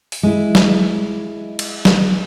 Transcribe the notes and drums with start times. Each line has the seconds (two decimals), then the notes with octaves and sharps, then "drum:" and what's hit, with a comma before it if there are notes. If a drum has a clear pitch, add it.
0.12 drum: open hi-hat
0.23 G#3 E4
0.55 drum: snare
1.59 drum: cymbal
1.85 drum: snare